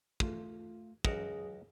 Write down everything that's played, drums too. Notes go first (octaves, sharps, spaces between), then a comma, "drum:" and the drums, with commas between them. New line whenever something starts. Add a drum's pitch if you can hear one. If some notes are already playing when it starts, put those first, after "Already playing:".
A3 F4, drum: kick
C#2 F#2 F#4 G#4 A#4, drum: kick